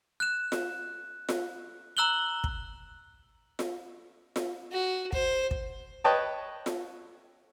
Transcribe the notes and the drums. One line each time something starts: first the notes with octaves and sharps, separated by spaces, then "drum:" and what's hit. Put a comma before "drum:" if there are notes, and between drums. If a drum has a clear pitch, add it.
F#6 E7
drum: snare F4
drum: snare F4
A#5 E6 F#6 F#7 G7
drum: kick
drum: snare F4
drum: snare F4
F#4
C5, drum: kick
drum: kick
B4 C#5 D#5 G5 A5
drum: snare F4